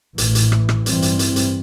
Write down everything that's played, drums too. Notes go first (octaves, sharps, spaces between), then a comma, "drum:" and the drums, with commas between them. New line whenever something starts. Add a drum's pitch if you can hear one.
A1 A2 E3, drum: hi-hat
drum: hi-hat
drum: rim click
drum: rim click
G2 E3 G3 C4, drum: hi-hat
drum: hi-hat
drum: hi-hat
drum: hi-hat